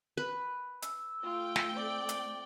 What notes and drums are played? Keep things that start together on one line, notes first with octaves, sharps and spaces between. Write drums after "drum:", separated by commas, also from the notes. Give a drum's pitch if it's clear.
B4
E6, drum: hi-hat
A3 F4 G5
drum: snare
C4 D5
drum: hi-hat